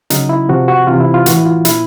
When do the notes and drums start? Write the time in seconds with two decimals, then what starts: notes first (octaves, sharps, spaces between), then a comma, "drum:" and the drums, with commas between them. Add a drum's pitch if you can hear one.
0.10 C#3 F#3 D#4, drum: hi-hat
0.29 E4
0.49 C3 F3 F#4
0.68 F#4
0.87 C3 E3 F4
1.00 E4
1.14 F4
1.26 A2 E3 F#4, drum: hi-hat
1.37 E4
1.46 F4
1.65 A#2 F3 E4, drum: hi-hat